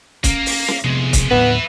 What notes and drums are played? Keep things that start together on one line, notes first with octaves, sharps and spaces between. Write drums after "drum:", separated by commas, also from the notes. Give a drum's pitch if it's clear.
A#3 C#4 A#4, drum: kick, hi-hat
drum: open hi-hat
drum: snare
E2 C3 F3 G#3 B3
drum: kick, hi-hat
D#2 A2 F#3 B3 B4 E5